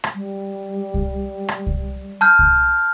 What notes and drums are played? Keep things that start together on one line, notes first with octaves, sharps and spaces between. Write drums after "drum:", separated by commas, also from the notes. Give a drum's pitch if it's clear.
drum: rim click
G3
drum: kick C2
drum: rim click
drum: kick C2
A5 F6 G6
drum: kick C2